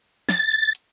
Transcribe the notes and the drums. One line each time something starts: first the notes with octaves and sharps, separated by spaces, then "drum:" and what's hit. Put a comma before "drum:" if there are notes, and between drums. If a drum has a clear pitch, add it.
A6, drum: snare
drum: hi-hat
drum: hi-hat